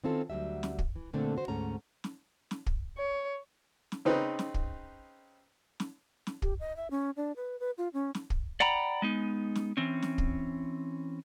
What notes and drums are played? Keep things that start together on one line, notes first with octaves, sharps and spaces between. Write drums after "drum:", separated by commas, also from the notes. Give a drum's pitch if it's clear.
D#3 E3 C4 C#4 F4 A4
D2 F#3 G3 E5
drum: snare
drum: kick
E3
A#2 D3 A3 A#3 C4 D4
F#4 C5
D2 G#2 A3 C#4 A#5
drum: snare
drum: snare
drum: kick
C#5
drum: snare
C#3 C4 D#4 B4
drum: snare
drum: kick
drum: snare
drum: snare
G4, drum: kick
D#5
E5
C#4
D4
B4
B4
F4
C#4
drum: snare
drum: kick
D5 F#5 G5 A#5 B5
G#3 B3 D#4
drum: snare
E3 C4 C#4
drum: snare
drum: kick